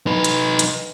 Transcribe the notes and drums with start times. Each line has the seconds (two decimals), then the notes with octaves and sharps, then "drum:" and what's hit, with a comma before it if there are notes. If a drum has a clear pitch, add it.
0.07 D#4 B4
0.24 drum: hi-hat
0.59 drum: hi-hat